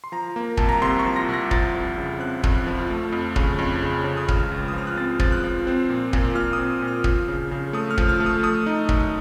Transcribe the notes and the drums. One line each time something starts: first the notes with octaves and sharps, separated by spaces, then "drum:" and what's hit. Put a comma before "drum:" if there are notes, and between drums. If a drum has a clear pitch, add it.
C6
F3 A#5
A#3
C2 A5, drum: kick
A#5
C3 C6
C#6
F3
A#6
C2 A#6
F3 A6, drum: kick
F2
C#3
C4 F#6
F2, drum: kick
F3
A3
F2
C#3, drum: kick
F2
C#3
C#3
D#6
C#2 F6, drum: kick
C#2
D#6
F3 F6
F#6
C4 A6
F3 A6, drum: kick
F#6
F3
C4
A#2
A#2, drum: kick
A#2 F6
D#6
C4
A#2
F6
F3, drum: kick
C#3
C#3
A3 D#6
F6
F3, drum: kick
F6
A3
D#6
A3 D#6
D#4
F#2, drum: kick